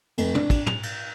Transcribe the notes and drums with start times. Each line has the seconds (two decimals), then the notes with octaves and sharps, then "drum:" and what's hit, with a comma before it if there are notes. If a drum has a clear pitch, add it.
0.18 F1, drum: cymbal
0.35 D4, drum: tom
0.50 drum: kick, cymbal
0.66 F7, drum: tom
0.83 drum: cymbal